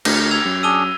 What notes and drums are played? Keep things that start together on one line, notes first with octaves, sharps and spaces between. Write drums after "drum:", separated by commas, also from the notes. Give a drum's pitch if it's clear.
D2 A#4, drum: cymbal
E6 G#6 F7
F#2
D4 G#4 E6 D#7 G7